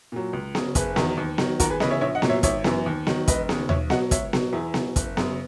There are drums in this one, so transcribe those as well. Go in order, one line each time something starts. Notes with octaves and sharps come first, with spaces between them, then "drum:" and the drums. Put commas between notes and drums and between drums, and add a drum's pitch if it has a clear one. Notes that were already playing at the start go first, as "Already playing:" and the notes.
A#2 F#3
C#2
C#3 F#3, drum: snare B3
F#1 G#4 B4, drum: kick, hi-hat
E2 D#3 F#3, drum: snare B3
D#2
D#3 F#3, drum: snare B3
D#2 F#4 A#4, drum: kick, hi-hat
G#4 B4
C#3 E3 B4 D#5, drum: snare B3
C#5 E5
A#1 C#5 E5
D#5 F#5
A#2 F#3, drum: snare B3
C#5 E5
G#1 C#5 E5, drum: kick, hi-hat
F#2 E3, drum: snare B3
D#2
D#3 F#3, drum: snare B3
E1 B4 D#5, drum: kick, hi-hat
D#2 C#3, drum: snare B3
B1 C#5 E5, drum: tom D#2
B2 F#3 D#5 F#5, drum: snare B3
C#2 C#5 E5, drum: kick, hi-hat
B2 F#3, drum: snare B3
E2 E4 G#4
B2 F#3, drum: snare B3
F#1, drum: kick, hi-hat
F#2 C#3, drum: snare B3